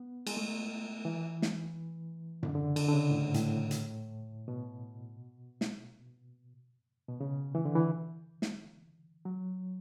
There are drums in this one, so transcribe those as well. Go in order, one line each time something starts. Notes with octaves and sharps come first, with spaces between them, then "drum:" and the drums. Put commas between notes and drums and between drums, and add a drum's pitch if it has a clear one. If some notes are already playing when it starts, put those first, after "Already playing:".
Already playing: B3
G#3, drum: cymbal
A3
E3
drum: snare
D3, drum: tom F#2
D3
C#3
D3, drum: cymbal
D3
C#3
A2
G#2
A2, drum: hi-hat
drum: hi-hat
B2
drum: snare
B2
C#3
E3
D3
E3
drum: snare
F#3